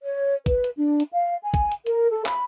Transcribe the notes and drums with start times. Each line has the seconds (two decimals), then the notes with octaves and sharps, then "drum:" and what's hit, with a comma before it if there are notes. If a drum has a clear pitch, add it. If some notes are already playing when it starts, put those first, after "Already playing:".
0.03 C#5
0.46 B4, drum: kick, hi-hat
0.64 drum: hi-hat
0.77 D4
1.00 drum: hi-hat
1.12 F5
1.43 G#5
1.54 drum: kick, hi-hat
1.72 drum: hi-hat
1.86 A#4, drum: hi-hat
2.11 A4
2.26 B5, drum: clap